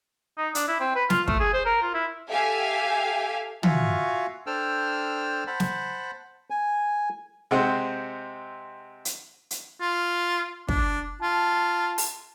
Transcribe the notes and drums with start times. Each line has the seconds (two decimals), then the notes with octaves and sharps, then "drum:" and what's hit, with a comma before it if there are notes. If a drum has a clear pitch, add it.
0.38 D#4
0.55 D4, drum: hi-hat
0.68 E4
0.80 C4
0.95 B4
1.10 F4, drum: snare
1.28 A3, drum: kick
1.40 G#4
1.53 C5
1.66 A#4
1.82 F4
1.94 E4
2.29 G4 A4 E5 F5 G#5
3.63 F4 F#4 E5 F5 G#5 C#6, drum: tom
4.47 D4 A4 C5 G5 E6 F6
5.47 C5 F#5 A5 B5
5.60 drum: snare
6.50 G#5
7.51 C3 G#3 C4 F#5
9.05 drum: hi-hat
9.51 drum: hi-hat
9.81 F4
10.69 D4, drum: kick
11.21 F4 A5
11.98 drum: open hi-hat